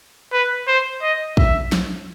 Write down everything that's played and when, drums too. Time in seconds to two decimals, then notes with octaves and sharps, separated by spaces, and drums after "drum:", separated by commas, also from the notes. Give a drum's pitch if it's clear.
0.32 B4
0.68 C5
1.02 D#5
1.37 E5, drum: kick
1.72 drum: snare